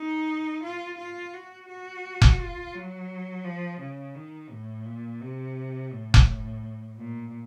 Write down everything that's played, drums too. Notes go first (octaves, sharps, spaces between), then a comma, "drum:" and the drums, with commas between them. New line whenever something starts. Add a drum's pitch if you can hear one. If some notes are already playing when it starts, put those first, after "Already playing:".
Already playing: D#4
F4
F4
F#4
F#4
drum: kick F1
F4
F#3
F3
C#3
D#3
A2
A#2
C3
A2
drum: kick F1
A#2